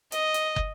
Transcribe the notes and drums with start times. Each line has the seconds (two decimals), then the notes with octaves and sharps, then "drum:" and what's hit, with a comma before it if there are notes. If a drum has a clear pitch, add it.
0.12 D#5, drum: hi-hat
0.34 drum: hi-hat
0.56 drum: kick